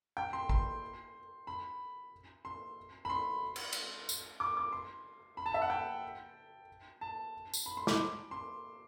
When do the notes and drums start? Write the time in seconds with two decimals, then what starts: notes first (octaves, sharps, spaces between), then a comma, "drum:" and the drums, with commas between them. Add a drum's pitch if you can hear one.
0.17 G5
0.33 C6
0.49 C6, drum: kick
1.47 B5
2.45 C6
3.05 B5
3.10 C6
3.56 drum: cymbal
3.73 drum: cymbal
4.09 drum: tambourine
4.40 D6
4.57 D6
4.72 C6
5.37 B5
5.46 A5
5.54 E5
5.62 F#5
5.70 G5
7.01 A5
7.54 drum: tambourine
7.66 B5
7.77 C6
7.87 D6, drum: snare
8.31 C6